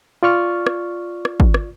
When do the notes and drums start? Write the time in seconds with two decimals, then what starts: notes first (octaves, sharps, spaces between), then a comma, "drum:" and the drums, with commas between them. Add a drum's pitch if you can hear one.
0.23 F4 D5 C#6 F6
0.67 drum: rim click
1.25 drum: rim click
1.40 drum: kick
1.54 drum: rim click